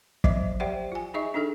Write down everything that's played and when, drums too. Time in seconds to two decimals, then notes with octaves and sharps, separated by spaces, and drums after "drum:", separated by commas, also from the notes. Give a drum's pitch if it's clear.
0.24 F3 F#3 C5 D#5 E5, drum: kick
0.60 G4 C5 D5 E5 F#5 G5
0.92 F4 G#5
1.14 D#4 G#4 D#5 E5 C#6
1.34 D4 D#4 G#4 A4